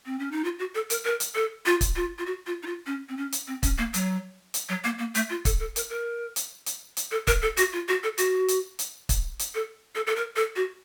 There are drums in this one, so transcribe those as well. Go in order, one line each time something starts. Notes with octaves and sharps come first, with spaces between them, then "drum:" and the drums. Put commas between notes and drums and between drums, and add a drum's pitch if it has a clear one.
C4
C#4
D#4
F4
F#4
A4
A#4, drum: hi-hat
A#4
drum: hi-hat
A4
F4
drum: kick, hi-hat
F4
F4
F#4
F4
D#4
F4
C#4
C4
C#4
drum: hi-hat
C4
C#4, drum: kick, hi-hat
A#3
F#3, drum: hi-hat
drum: hi-hat
F#3
A#3
A#3
A3, drum: hi-hat
F4
A4, drum: kick, hi-hat
A4
A#4, drum: hi-hat
A#4
drum: hi-hat
drum: hi-hat
drum: hi-hat
A4
A#4, drum: kick, hi-hat
A4
F#4, drum: hi-hat
F4
F#4
A4
F#4, drum: hi-hat
drum: hi-hat
drum: hi-hat
drum: kick, hi-hat
drum: hi-hat
A4
A4
A4
A#4
A4
F#4